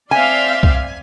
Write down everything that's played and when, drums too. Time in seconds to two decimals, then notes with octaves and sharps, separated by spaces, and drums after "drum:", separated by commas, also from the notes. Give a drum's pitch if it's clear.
0.11 C4 D5 E5 F5 G#5 C6
0.63 drum: kick C2